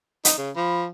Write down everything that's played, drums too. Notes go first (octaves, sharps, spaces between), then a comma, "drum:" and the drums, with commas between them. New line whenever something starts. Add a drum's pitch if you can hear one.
D#4, drum: hi-hat
C#3
F3 B5